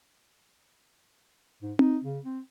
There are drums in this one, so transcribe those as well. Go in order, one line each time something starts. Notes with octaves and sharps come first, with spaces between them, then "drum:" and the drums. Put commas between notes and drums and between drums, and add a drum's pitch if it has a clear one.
G#2
D#4, drum: tom C4
C#3
C4